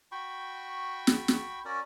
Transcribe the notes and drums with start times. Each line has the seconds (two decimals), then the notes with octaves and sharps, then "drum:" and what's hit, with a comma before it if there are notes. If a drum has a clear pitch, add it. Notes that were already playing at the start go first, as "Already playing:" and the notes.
0.12 F#4 G5 B5 C#6
1.07 drum: snare
1.28 drum: snare
1.65 C#4 F#4 A#4 D5